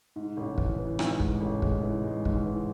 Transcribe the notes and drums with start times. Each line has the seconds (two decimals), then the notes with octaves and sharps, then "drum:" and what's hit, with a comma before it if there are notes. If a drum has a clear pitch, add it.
0.16 G#2
0.37 A1
0.58 E3, drum: kick
0.78 E3
0.99 G#2, drum: rim click
1.20 G#3, drum: kick
1.41 A1
1.62 G#3, drum: kick
1.83 E3
2.04 G#3
2.25 G#2, drum: kick
2.46 E3